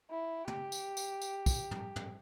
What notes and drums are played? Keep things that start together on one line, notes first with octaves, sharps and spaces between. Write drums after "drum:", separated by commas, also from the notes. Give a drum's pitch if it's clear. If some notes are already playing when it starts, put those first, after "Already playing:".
E4
G4, drum: tom
drum: tambourine
drum: tambourine
drum: tambourine
drum: kick, tambourine
drum: tom
drum: tom